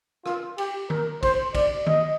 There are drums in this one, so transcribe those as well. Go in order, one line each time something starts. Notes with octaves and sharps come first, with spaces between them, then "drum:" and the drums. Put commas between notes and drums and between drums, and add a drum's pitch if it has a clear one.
F4, drum: rim click
G4, drum: cymbal
A#4, drum: tom
C5, drum: kick A#1, cymbal
D5, drum: kick A#1, cymbal
D#5, drum: tom